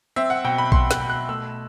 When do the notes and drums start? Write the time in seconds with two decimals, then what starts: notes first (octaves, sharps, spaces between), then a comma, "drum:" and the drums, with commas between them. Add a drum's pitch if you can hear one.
0.16 C4 E5
0.30 F#5
0.44 B2 G5
0.58 B5
0.72 B2 C6, drum: kick A#1
0.91 F#6, drum: snare
1.00 B2
1.10 F#6
1.29 A3 E6